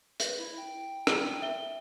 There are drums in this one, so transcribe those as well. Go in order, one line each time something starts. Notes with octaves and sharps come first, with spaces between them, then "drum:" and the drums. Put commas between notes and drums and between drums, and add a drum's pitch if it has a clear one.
B4, drum: hi-hat
E4
G5
drum: rim click
E5 G7